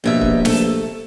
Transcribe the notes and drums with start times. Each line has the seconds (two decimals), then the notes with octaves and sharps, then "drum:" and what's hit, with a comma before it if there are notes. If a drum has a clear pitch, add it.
0.04 A#1 G2 B2 E5
0.21 drum: kick
0.45 A3 A4, drum: snare